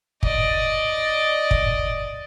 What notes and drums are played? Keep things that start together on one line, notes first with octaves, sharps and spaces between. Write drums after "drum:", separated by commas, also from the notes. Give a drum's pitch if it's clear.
D5 D#5, drum: kick
drum: kick